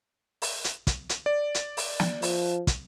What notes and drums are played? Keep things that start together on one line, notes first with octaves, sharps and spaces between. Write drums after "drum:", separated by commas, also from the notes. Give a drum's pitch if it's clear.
drum: open hi-hat
drum: hi-hat
drum: kick, hi-hat
drum: hi-hat
D5
drum: hi-hat
drum: open hi-hat
drum: snare
F3, drum: open hi-hat
drum: kick, hi-hat